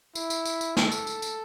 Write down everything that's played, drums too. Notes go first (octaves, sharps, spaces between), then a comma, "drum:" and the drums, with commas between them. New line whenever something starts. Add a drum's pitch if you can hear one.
E4, drum: tambourine
drum: tambourine
drum: tambourine
drum: tambourine
A4, drum: snare
drum: tambourine
drum: tambourine
drum: tambourine